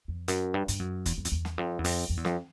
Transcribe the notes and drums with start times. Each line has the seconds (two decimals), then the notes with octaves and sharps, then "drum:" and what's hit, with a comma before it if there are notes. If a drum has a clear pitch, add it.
0.08 F2
0.28 F#2, drum: hi-hat
0.54 G2
0.68 G2, drum: hi-hat
0.80 F#2
1.06 E2, drum: kick, hi-hat
1.18 F#2
1.25 F2, drum: hi-hat
1.32 E2
1.45 drum: snare
1.58 F2
1.79 E2
1.84 F2, drum: open hi-hat
2.10 F2
2.17 E2
2.25 F2, drum: snare